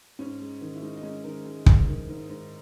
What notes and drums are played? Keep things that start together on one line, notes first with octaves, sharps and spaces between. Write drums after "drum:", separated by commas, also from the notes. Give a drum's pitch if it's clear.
G#2 C#4
G#3
D#3
E4
G#3 D#4
D#4
G#3 C#4
D#3 A#4
G#3
G#2, drum: kick
D#3
G#2
G#2